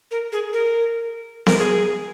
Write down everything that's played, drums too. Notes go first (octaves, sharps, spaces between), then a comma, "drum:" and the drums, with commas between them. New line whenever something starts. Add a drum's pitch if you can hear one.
A#4
G#4
A#4
A#4, drum: snare B3
G#4